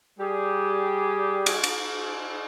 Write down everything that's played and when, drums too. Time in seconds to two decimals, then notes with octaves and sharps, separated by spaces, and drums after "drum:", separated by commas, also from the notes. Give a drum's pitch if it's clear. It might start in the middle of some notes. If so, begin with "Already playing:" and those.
0.19 G3 G4 G#4
1.46 drum: cymbal
1.63 drum: cymbal